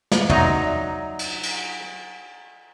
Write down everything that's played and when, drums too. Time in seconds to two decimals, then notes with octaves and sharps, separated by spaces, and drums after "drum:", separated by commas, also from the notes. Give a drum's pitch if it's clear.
0.12 drum: snare
0.30 F#3 D#4 D5 E5 A#5 C6, drum: tom
1.19 drum: cymbal
1.43 drum: cymbal